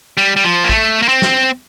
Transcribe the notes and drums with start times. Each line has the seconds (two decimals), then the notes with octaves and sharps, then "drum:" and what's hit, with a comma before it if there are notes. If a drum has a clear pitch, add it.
0.17 G3
0.36 G3
0.44 F3
0.64 A#3
0.69 A3, drum: kick
1.02 A#3
1.08 C4
1.22 drum: snare